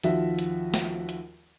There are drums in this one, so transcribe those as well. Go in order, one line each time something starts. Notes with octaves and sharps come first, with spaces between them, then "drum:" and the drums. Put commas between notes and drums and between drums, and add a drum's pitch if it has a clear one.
D#2 F3 F#4 E5, drum: hi-hat
drum: hi-hat
drum: snare
drum: hi-hat